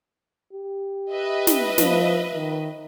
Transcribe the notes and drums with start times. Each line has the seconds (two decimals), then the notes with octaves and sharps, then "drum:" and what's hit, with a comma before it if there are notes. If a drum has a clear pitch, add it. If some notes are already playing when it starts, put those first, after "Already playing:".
0.53 G4
1.11 B4 D#5 E5
1.47 drum: snare
1.78 F3, drum: snare
2.35 D#3